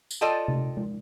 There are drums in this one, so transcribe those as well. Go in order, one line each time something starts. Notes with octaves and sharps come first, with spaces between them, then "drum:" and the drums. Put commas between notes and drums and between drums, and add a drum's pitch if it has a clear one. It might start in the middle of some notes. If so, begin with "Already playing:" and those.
drum: tambourine
F4 A4 D5 D#5 G5 A5
drum: tom C3
drum: tom G#3